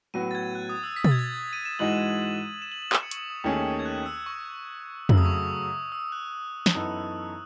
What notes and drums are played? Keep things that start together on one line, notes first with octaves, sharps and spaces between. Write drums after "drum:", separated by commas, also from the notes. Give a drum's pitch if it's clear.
A2 F#3 B3 F#4 D#7
A6
G#6
F#6
D#6
E6
B6
A6, drum: tom B2
G#6
A6
D#7
E7
G#2 E3 G#3 D#4 F#4 F#7
E7
F#7
F#7
E7, drum: clap
C#7
C#6, drum: hi-hat
D#6
D#6
D#2 D#3 A3 C#4 G#4
G#6
F#6
E6
C#6
F#2 C#3 F#3 A3 E6, drum: tom F2
D#6
C#6
D#6
E6
F#6
F#6, drum: snare
F#2 E3 B3 D#4 A4 E6